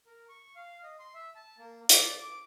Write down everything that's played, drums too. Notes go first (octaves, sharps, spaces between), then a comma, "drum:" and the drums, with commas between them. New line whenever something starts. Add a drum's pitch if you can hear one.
A#4
C#6
F5
D#5
C6
E5
A5
A#3
D5, drum: hi-hat
D6